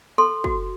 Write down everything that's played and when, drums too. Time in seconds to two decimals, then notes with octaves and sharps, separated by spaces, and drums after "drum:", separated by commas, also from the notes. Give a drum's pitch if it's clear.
0.18 A4 C6
0.44 F#4, drum: kick